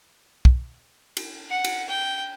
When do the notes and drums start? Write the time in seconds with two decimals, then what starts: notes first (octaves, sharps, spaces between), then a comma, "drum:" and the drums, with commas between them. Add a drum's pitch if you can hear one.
0.45 drum: kick
1.17 drum: cymbal
1.49 F#5
1.64 drum: cymbal
1.88 G5